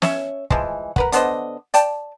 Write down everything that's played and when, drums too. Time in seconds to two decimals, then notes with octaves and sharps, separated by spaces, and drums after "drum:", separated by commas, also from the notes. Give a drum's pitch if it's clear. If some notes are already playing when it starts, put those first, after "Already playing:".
0.02 C#4 C#5 E5, drum: snare
0.50 E3 F3 G#3, drum: kick
0.96 A#4 B4 F#5, drum: kick
1.12 D3 B3 C5 D#5, drum: hi-hat
1.74 D5 G5 A5, drum: hi-hat